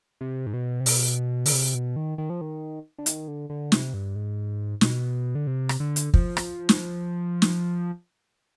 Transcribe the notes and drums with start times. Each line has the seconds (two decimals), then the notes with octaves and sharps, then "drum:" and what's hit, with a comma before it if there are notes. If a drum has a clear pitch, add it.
0.21 C3
0.47 G#2
0.54 B2
0.80 C3
0.86 B2, drum: open hi-hat
1.46 D3, drum: open hi-hat
1.52 C3
1.75 B2
1.96 D#3
2.18 D#3
2.30 F3
2.41 D#3
2.98 D3
3.06 D#3, drum: hi-hat
3.28 D3
3.50 D3
3.72 C3, drum: snare
3.94 G2
4.16 G#2
4.81 B2, drum: snare
5.35 D3
5.47 C3
5.69 drum: rim click
5.80 D3
5.96 drum: hi-hat
6.14 F3, drum: kick
6.37 drum: rim click
6.69 drum: snare
7.42 drum: snare